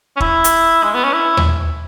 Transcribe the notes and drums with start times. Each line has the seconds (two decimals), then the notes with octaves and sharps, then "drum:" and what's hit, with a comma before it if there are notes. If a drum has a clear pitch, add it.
0.17 C#4
0.20 E4, drum: kick
0.44 drum: hi-hat
0.83 G#3
0.94 B3
1.04 C#4
1.13 E4
1.37 drum: tom D#2